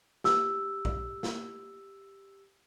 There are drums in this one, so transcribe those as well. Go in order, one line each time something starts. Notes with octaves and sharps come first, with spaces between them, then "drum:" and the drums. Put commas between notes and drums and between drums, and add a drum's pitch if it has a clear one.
G4 E6, drum: snare
drum: kick A#1
drum: snare